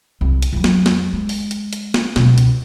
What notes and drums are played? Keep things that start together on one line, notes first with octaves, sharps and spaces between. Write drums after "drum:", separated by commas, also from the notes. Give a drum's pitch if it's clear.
C2
drum: hi-hat
F2 F#3
drum: snare
drum: snare
G#3
drum: open hi-hat
drum: hi-hat
drum: hi-hat
drum: snare
C#2 B2, drum: snare
drum: hi-hat